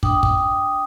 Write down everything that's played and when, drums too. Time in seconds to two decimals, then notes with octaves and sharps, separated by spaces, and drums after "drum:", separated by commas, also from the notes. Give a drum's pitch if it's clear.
0.03 D4 G5 D#6, drum: kick
0.23 drum: kick